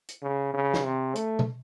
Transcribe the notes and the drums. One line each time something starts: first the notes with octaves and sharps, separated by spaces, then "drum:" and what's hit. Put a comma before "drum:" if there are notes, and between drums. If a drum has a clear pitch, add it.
drum: hi-hat
C#3
C#3
drum: snare
C3
A3, drum: hi-hat
drum: tom B2